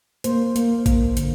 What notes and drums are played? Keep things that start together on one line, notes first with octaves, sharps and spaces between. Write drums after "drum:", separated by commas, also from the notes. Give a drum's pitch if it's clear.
A#3 C5, drum: hi-hat
A#3, drum: hi-hat
A#3, drum: kick A1, hi-hat
D3, drum: hi-hat